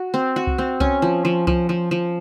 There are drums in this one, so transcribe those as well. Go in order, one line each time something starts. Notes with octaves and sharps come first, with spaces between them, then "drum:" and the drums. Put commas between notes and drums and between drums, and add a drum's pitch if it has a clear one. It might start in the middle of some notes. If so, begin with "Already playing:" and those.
Already playing: F#4
C4
F#4
drum: kick C2
C4
C#4, drum: kick C2
F3
F3
F3, drum: kick C2
F3
F3